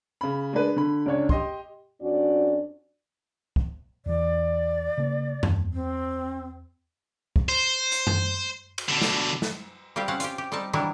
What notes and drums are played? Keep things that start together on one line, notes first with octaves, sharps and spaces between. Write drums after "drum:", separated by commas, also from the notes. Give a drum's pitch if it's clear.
C#3 B5
G#3 D4 B4
D3 B5
C#2 C#4 D4 C#5
G4 D#5 C6, drum: kick
F2 C#4 D4 F#4 D5
drum: kick
E2 E3 D5
C#3 A#3
E2, drum: tom F#2
C4
drum: kick
C5
drum: hi-hat
drum: tom F#2
drum: cymbal
B2 D3
drum: snare
drum: snare
G3 C4 F4 G4 D5
C4 C#4 F5 F#5
F4 G4, drum: hi-hat
G4
G3 C4 D#4 D5 A5
D#3 E3 F#3 G3 D4 E4